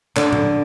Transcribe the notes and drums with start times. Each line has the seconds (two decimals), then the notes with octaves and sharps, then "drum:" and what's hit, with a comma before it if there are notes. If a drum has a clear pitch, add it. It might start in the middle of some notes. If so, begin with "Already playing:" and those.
0.16 D3, drum: clap
0.33 drum: tom A2